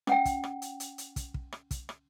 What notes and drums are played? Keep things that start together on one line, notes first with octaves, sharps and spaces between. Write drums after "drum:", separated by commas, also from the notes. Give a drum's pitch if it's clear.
C#4 F#5 G5, drum: rim click
drum: kick, hi-hat
drum: rim click
drum: hi-hat
drum: hi-hat
drum: hi-hat
drum: kick, hi-hat
drum: kick
drum: rim click
drum: kick, hi-hat
drum: rim click